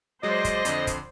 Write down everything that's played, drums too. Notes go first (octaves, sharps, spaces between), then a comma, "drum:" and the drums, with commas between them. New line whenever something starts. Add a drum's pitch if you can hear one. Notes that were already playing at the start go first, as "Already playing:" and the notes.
F#3 G#3 C5 D5 D#5 C6
drum: kick, hi-hat
F2 D3, drum: hi-hat
drum: kick, hi-hat